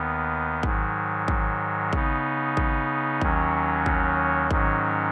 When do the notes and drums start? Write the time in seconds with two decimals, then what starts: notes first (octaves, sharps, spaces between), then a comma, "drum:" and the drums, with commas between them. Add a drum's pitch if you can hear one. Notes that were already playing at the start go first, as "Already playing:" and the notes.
Already playing: D#2 D#3 B3
0.63 G#2 D#3 F#3, drum: kick G#1
1.28 drum: kick G#1
1.93 C#3 B3 D#4, drum: kick G#1
2.57 drum: kick G#1
3.21 D#2 D#3 F#3 C#4, drum: kick G#1
3.86 drum: kick G#1
4.51 G#2 D#3 F#3 C#4, drum: kick G#1